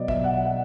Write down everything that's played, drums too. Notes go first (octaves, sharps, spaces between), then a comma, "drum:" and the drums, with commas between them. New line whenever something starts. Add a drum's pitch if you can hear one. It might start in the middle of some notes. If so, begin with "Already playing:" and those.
Already playing: B2 F#3 B3 D5 D#5
E5, drum: kick
F#5
F#5